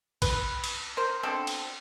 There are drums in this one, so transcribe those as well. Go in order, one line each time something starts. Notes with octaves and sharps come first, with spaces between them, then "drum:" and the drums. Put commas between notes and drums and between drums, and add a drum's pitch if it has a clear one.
B4, drum: kick A#1, cymbal
drum: cymbal
A#4 C5
B2 D3 C4 A4
drum: cymbal